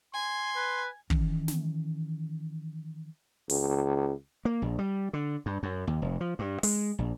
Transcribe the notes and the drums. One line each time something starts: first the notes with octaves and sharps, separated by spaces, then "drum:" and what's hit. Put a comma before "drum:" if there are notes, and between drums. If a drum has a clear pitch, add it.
G#5 C6
B4
D#3 E3 C#4, drum: kick
drum: snare
C#2, drum: open hi-hat
A#3
A#1
G3
D3
G2
F#2
D#2
F1
F3
G2
G#3, drum: open hi-hat
A#1